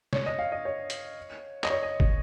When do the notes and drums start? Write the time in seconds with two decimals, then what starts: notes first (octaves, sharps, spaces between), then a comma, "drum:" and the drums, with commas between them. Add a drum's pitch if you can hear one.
0.13 C#5, drum: snare
0.26 D#5
0.39 F5
0.52 D#5
0.65 C#5
0.90 drum: hi-hat
1.64 D#5, drum: clap
1.70 C#5
1.83 D#5
2.00 drum: kick